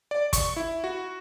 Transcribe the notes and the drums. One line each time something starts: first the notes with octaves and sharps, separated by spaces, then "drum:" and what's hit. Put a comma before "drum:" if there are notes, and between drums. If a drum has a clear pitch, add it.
D5
C#6, drum: kick, hi-hat
E4
F#4